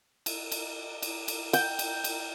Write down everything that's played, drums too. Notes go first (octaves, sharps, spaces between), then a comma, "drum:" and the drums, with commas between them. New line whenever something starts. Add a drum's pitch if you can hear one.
drum: cymbal
drum: cymbal
drum: cymbal
drum: cymbal
G5, drum: cymbal
drum: cymbal
drum: cymbal